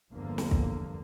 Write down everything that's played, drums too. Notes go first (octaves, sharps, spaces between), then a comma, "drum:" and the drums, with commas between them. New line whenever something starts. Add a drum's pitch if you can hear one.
G1 E2 D3 F3 A#3
drum: snare
drum: kick